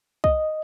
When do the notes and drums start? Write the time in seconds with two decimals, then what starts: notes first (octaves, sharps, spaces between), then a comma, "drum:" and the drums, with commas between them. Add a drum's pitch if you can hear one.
0.24 D#5, drum: kick